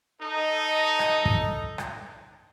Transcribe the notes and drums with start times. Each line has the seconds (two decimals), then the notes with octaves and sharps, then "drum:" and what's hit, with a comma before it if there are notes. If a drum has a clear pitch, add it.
0.20 D#4 A4 D#5
0.99 drum: rim click
1.25 drum: kick
1.78 drum: rim click